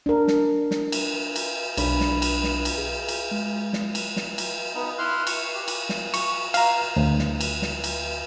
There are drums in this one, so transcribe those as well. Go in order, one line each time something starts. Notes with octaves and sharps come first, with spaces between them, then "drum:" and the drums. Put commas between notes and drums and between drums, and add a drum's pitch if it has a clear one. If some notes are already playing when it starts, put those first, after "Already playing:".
D4 A#4
drum: snare
drum: snare
drum: cymbal
drum: cymbal
B1 D4 B5, drum: cymbal
drum: snare
drum: cymbal
drum: snare
drum: cymbal
G#4
drum: cymbal
G#3
drum: snare
drum: cymbal
drum: snare
drum: cymbal
B3 D#4
E4 C6 F6 F#6
C#6, drum: cymbal
G4
drum: cymbal
drum: snare
C#6, drum: cymbal
F5 A#5, drum: cymbal
D2
drum: snare
drum: cymbal
drum: snare
drum: cymbal